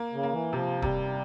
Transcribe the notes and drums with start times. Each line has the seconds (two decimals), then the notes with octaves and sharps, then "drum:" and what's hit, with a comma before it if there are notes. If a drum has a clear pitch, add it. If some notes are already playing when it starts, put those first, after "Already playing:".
Already playing: A#3
0.13 C#3
0.23 A#3
0.33 E3
0.53 C3 F3
0.82 C3 G3, drum: kick D#1